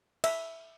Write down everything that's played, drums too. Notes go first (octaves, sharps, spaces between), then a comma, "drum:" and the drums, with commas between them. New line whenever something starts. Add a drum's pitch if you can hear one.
E5, drum: cymbal